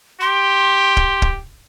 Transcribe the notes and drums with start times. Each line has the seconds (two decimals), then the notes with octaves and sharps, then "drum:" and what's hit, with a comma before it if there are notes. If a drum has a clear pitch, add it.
0.21 G4 C6
0.97 drum: kick
1.22 drum: kick